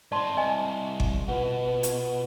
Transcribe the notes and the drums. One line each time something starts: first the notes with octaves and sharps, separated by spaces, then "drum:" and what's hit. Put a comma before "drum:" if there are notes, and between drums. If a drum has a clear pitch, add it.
G#2 C4 D5 A5 C6
C2 D#5 G#5
drum: kick G1
B2 F4 B4 F#5
drum: hi-hat